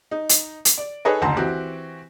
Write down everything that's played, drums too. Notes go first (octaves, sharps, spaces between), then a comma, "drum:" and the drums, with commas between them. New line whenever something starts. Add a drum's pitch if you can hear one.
D#4
drum: hi-hat
drum: hi-hat
D5
D#4 G#4 A4 B4 C#5 D#5
F#1 D2 A5 A#5 C6
E3 C4 F#4 G4